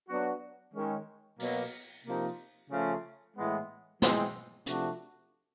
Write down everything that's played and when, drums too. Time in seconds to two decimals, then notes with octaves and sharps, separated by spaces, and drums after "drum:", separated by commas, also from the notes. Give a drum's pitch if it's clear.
0.09 F#3 B3 D4 F#4
0.74 D#3 G#3 C#4
1.39 B2 F#3 A#3, drum: open hi-hat
2.05 C3 F3 A#3 D#4
2.71 C#3 F3 A3 C#4 F4
3.36 A2 E3 G#3 B3
4.02 E3 G#3 C4, drum: snare
4.66 C3 F3 A3 D4 F#4, drum: hi-hat